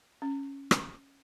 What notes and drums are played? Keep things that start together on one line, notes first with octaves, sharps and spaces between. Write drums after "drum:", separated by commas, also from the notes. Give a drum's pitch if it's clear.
C#4
drum: rim click